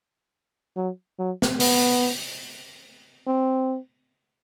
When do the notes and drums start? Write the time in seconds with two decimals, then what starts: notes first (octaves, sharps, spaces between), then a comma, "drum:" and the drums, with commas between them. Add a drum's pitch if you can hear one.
0.76 F#3
1.19 F#3
1.42 drum: snare
1.60 B3, drum: open hi-hat
3.27 C4